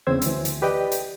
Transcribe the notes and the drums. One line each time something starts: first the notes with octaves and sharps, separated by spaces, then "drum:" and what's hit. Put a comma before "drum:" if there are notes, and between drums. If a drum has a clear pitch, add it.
E2 C#3 C4 C5 E6 G#6
D2 E3, drum: hi-hat
drum: hi-hat
G4 B4 D5 D#5 G5
drum: hi-hat